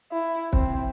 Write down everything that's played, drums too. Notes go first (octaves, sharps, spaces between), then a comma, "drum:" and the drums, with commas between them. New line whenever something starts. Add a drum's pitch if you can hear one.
E4
C4, drum: kick